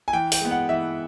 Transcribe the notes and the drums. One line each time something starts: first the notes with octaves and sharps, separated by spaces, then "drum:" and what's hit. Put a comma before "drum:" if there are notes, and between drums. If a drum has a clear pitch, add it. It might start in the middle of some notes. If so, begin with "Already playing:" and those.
G#5
E3 G5
G5, drum: open hi-hat
G#3 B3
F#5
E3 E5